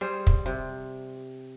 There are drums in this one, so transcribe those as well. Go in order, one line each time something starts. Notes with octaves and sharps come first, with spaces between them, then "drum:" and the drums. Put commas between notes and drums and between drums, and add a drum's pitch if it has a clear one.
G3 G#4 C5
drum: kick
C3